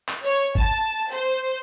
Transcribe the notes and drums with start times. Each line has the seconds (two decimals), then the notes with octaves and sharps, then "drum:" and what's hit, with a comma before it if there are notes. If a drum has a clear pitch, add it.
0.08 drum: clap
0.23 C#5
0.55 A5, drum: kick G1
1.09 C5